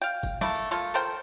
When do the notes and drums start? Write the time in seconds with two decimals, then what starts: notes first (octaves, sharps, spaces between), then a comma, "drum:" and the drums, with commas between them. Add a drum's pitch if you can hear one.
0.02 F5 G5
0.23 drum: kick, tambourine
0.41 A3 A#3 E4, drum: snare
0.55 drum: tambourine
0.71 A3 A#3 F4 A4
0.94 A4 A#4 C5 G5